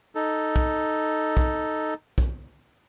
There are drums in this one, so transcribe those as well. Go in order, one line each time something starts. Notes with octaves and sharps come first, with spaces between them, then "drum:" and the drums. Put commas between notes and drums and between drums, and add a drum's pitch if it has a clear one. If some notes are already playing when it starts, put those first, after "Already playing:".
D#4 A4
drum: kick
drum: kick
drum: kick